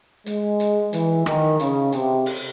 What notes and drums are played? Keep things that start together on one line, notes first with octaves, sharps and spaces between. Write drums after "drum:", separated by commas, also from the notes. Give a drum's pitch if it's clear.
G#3, drum: hi-hat
drum: hi-hat
E3, drum: hi-hat
D#3, drum: rim click
C#3, drum: hi-hat
C3, drum: hi-hat
drum: open hi-hat